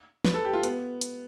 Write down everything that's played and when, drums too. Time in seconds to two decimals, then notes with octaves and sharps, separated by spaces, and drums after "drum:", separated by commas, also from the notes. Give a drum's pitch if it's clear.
0.25 B4, drum: snare
0.34 A4
0.45 G4
0.53 F4
0.63 B3, drum: hi-hat
1.01 drum: hi-hat